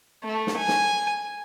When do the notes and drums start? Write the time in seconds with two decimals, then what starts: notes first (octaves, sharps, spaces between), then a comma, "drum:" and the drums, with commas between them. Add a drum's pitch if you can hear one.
0.23 A3
0.47 drum: snare
0.57 G#5
0.68 drum: snare